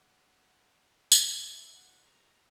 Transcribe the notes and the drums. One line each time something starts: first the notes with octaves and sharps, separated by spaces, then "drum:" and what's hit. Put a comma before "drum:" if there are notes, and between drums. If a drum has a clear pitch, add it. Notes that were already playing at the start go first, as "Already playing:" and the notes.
Already playing: F#5
F5, drum: tambourine
E5
F#5
A#5